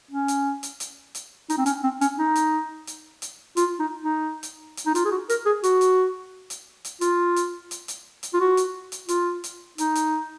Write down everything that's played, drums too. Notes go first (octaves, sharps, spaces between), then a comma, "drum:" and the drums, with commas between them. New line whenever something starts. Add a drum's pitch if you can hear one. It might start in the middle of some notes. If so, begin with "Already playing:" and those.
C#4
drum: hi-hat
drum: hi-hat
drum: hi-hat
drum: hi-hat
D#4, drum: hi-hat
C4
C#4, drum: hi-hat
C4
C#4, drum: hi-hat
D#4
drum: hi-hat
drum: hi-hat
drum: hi-hat
F4, drum: hi-hat
D#4
D#4
drum: hi-hat
drum: hi-hat
D#4
F4, drum: hi-hat
G#4
F#4
A#4, drum: hi-hat
G#4
F#4, drum: hi-hat
drum: hi-hat
drum: hi-hat
drum: hi-hat
F4, drum: hi-hat
drum: hi-hat
drum: hi-hat
drum: hi-hat
drum: hi-hat
F4
F#4
drum: hi-hat
drum: hi-hat
F4, drum: hi-hat
drum: hi-hat
D#4, drum: hi-hat
drum: hi-hat